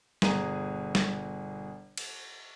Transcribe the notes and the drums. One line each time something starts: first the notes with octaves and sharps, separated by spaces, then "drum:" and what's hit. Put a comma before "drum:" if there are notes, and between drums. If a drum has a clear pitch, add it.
G1 B2 G#4 A#5 D#7, drum: snare
drum: snare
drum: cymbal